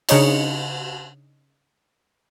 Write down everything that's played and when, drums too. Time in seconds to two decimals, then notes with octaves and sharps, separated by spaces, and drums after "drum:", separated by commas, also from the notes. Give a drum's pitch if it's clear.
0.09 C#3 D4 D#4 C#5 D#5 C#7, drum: cymbal